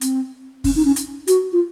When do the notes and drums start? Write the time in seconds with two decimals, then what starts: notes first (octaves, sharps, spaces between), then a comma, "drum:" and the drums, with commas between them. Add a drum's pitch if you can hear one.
0.01 C4, drum: hi-hat
0.64 C#4, drum: kick, open hi-hat
0.76 D#4
0.85 C#4
0.96 drum: hi-hat
1.27 F#4, drum: hi-hat
1.53 F4